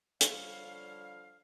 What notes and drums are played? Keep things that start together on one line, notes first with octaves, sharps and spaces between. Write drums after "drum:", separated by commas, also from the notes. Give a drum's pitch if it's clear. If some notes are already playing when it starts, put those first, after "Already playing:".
D3 F3 G3 C#5 F5, drum: hi-hat